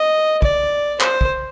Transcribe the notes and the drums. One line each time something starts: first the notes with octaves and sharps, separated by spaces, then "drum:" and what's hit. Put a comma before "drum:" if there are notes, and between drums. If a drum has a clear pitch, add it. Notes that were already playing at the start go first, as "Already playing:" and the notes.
Already playing: D#5
D5, drum: kick
C5, drum: clap
drum: kick